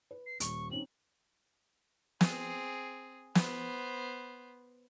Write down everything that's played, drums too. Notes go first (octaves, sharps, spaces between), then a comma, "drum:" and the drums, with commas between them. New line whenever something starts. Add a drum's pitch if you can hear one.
B4
C7
D#1 C#6, drum: hi-hat
C4 C#4 D#4 F#7
C4 G#4, drum: snare
B3 C5, drum: snare